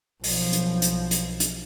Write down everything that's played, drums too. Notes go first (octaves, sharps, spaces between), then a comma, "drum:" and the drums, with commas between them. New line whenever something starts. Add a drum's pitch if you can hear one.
B1 F3, drum: open hi-hat
drum: hi-hat
drum: hi-hat
drum: hi-hat
drum: hi-hat